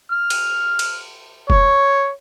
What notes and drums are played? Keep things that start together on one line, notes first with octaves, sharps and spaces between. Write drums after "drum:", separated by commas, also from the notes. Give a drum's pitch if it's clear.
F6
drum: cymbal
drum: cymbal
C#5, drum: kick E1